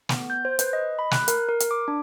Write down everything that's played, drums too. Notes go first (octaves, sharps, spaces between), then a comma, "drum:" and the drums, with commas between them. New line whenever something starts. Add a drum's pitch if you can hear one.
B3, drum: snare
G6
C5
B4, drum: hi-hat
D#5
B5
F#6, drum: snare
A#4, drum: hi-hat
A#4
drum: hi-hat
D6
D4